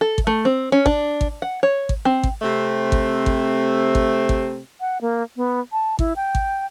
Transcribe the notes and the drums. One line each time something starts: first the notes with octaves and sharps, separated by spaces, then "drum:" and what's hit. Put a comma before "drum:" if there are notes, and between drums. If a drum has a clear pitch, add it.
A4
drum: kick G#1
A3
C4
C#4
D4, drum: kick G#1
drum: kick G#1
F#5
C#5
drum: kick G#1
C4
drum: kick G#1
C3 A3 C4
drum: kick G#1
drum: kick G#1
drum: kick G#1
drum: kick G#1
F#5
A#3
B3
A5
E4, drum: kick G#1
G5
drum: kick G#1